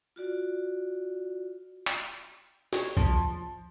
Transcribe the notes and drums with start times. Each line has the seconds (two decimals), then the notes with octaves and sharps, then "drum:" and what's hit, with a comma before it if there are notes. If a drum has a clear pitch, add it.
0.16 F4 F#4 D5
1.87 drum: clap
2.73 C#5, drum: snare
2.97 F3, drum: kick